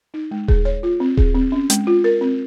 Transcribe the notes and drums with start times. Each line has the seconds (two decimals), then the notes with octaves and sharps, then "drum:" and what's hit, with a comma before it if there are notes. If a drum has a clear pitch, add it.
0.14 D#4
0.31 G#3
0.48 G#4, drum: kick D#1
0.65 C#5
0.83 F4
1.00 C4
1.17 G#4, drum: kick D#1
1.35 C4
1.52 C#4
1.70 G#3, drum: hi-hat
1.87 F4
2.04 A#4
2.21 C4